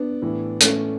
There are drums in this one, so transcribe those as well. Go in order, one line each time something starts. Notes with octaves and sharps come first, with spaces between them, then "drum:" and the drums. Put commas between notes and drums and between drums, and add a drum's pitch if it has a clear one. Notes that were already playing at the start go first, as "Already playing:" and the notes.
Already playing: B3 D4
A2 E3
A3 C#4, drum: hi-hat